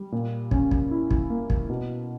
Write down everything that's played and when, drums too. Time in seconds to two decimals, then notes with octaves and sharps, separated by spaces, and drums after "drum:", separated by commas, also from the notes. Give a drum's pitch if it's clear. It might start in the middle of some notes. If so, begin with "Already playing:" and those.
Already playing: G3
0.12 A#2
0.51 C#4, drum: kick
0.71 drum: kick
0.91 E4
1.11 drum: kick
1.30 A#3
1.50 drum: kick
1.69 B2